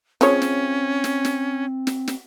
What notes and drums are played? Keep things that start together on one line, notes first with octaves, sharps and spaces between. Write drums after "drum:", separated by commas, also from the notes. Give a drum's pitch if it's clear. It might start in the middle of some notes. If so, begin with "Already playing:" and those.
F3 G#3 C4 C#4 C#5, drum: snare
drum: snare
drum: snare
drum: snare
drum: snare
drum: snare